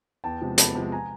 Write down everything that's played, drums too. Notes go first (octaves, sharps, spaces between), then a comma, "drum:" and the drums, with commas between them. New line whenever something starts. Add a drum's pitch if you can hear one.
E2 G5 A5
C3 F3 G#3
E2 A5 B5, drum: hi-hat
C3 F3 G#3
G#5 A#5